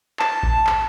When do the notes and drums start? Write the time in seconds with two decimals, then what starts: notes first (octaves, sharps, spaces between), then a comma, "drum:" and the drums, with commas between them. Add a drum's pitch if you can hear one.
0.19 A5, drum: clap
0.43 drum: kick A1
0.67 drum: clap